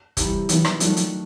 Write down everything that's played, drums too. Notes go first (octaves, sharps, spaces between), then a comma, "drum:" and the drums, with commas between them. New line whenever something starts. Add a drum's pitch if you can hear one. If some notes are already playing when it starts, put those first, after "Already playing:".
C3 E3 G3, drum: kick, hi-hat
D#3 E3 F#3 B3 E4, drum: hi-hat
drum: rim click
D#3 F3 F#3 A3 D4, drum: hi-hat
drum: hi-hat